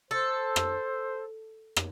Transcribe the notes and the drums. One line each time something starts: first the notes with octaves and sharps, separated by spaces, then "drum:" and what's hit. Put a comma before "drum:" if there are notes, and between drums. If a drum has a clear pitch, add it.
A4 C5
drum: rim click
drum: rim click